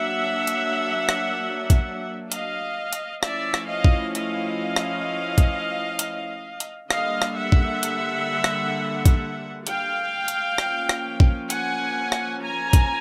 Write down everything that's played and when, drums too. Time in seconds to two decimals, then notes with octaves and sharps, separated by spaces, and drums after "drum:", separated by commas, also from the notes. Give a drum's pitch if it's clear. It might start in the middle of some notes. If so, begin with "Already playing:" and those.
Already playing: F#3 A#3 D4 E5 F#5
0.47 drum: hi-hat
1.09 drum: rim click
1.70 drum: kick A#1, hi-hat
2.32 D#5 F5, drum: hi-hat
2.93 drum: hi-hat
3.23 F3 A3 C#4 E4 D5 E5, drum: rim click
3.54 drum: rim click
3.69 D#5 F5
3.84 drum: kick A#1
4.15 D#5 F5, drum: hi-hat
4.76 drum: rim click
5.38 drum: kick A#1, hi-hat
5.99 drum: hi-hat
6.60 drum: hi-hat
6.91 D3 G3 A#3 D#5 F5, drum: rim click
7.22 drum: rim click
7.36 E5 F#5
7.52 drum: kick A#1
7.83 drum: hi-hat
8.44 drum: rim click
9.06 drum: kick A#1, hi-hat
9.67 F5 G5, drum: hi-hat
10.28 drum: hi-hat
10.58 F3 A#3 C#4, drum: rim click
10.89 drum: rim click
11.20 drum: kick A#1
11.50 F#5 G#5, drum: hi-hat
12.12 drum: rim click
12.42 G#5 A#5
12.73 drum: kick A#1, hi-hat